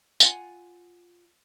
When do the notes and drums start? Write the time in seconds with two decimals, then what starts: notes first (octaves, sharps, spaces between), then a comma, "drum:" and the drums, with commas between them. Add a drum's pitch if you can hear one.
0.20 F4 F#5 G#5, drum: tambourine